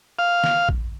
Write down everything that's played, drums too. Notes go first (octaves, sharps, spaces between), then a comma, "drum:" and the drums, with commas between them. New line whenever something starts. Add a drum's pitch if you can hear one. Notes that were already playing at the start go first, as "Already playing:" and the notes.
F5
drum: snare
drum: kick A#1